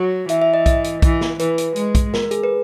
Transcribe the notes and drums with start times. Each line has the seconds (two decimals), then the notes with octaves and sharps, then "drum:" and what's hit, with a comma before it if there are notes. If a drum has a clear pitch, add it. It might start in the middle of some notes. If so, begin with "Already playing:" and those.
Already playing: F#3
0.29 E3 E5, drum: hi-hat
0.42 E5
0.54 D#5
0.66 D#5, drum: kick B1, hi-hat
0.84 drum: hi-hat
1.02 E3, drum: kick B1, hi-hat
1.21 drum: snare
1.39 E3 B4, drum: hi-hat
1.58 drum: hi-hat
1.76 G#3, drum: hi-hat
1.95 drum: kick B1, hi-hat
2.14 A#4, drum: snare
2.31 G#4, drum: hi-hat
2.44 B4